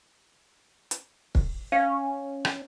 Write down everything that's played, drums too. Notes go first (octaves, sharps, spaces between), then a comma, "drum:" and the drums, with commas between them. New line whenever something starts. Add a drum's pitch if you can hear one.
drum: hi-hat
drum: kick
C#4 F5
drum: rim click